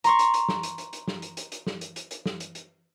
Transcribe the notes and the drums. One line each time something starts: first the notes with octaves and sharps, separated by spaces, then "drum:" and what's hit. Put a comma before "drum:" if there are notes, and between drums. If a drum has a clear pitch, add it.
A#5 C6 C#6, drum: hi-hat
drum: hi-hat
drum: hi-hat
drum: snare
drum: hi-hat
drum: hi-hat
drum: hi-hat
drum: snare
drum: hi-hat
drum: hi-hat
drum: hi-hat
drum: snare
drum: hi-hat
drum: hi-hat
drum: hi-hat
drum: snare
drum: hi-hat
drum: hi-hat